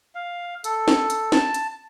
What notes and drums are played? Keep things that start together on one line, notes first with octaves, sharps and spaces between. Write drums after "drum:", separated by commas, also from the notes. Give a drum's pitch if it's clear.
F5
A4, drum: hi-hat
drum: snare
drum: hi-hat
A5, drum: snare
drum: hi-hat